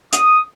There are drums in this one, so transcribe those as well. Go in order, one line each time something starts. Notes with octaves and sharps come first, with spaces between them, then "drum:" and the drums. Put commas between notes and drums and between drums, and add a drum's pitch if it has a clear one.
D#6, drum: hi-hat